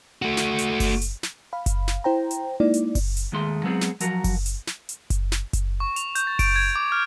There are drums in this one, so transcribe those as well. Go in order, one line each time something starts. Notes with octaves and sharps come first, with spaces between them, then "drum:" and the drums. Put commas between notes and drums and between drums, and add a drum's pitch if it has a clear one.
A3 F#4
drum: snare
drum: hi-hat
drum: kick F#1, open hi-hat
drum: hi-hat
drum: snare
F5 B5
drum: kick F#1, hi-hat
drum: snare
E4 C5 G5 A#5
drum: hi-hat
G#3 A#3 D#4 E4 D5
drum: hi-hat
drum: kick F#1, open hi-hat
drum: hi-hat
D#2 D#3 G#3 A3 C6
F#3 G#3 B3 C4 F4 G#4
drum: snare
F3 F#3 F#4 A#4, drum: hi-hat
drum: kick F#1, open hi-hat
drum: hi-hat
drum: snare
drum: hi-hat
drum: kick F#1, hi-hat
drum: snare
drum: kick F#1, hi-hat
C#6
F7, drum: hi-hat
G6, drum: hi-hat
A6
D7, drum: kick F#1, open hi-hat
G#6
D6
F6